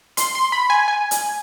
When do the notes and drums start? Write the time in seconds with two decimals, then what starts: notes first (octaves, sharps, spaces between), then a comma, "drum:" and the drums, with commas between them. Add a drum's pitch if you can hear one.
0.17 C6, drum: hi-hat
0.35 C6
0.52 B5
0.70 G#5
0.88 G#5
1.11 drum: hi-hat